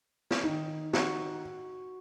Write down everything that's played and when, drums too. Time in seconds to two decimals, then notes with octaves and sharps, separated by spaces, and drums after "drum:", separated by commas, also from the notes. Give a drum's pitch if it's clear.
0.31 drum: snare
0.43 D#3 D#4
0.93 F#4, drum: snare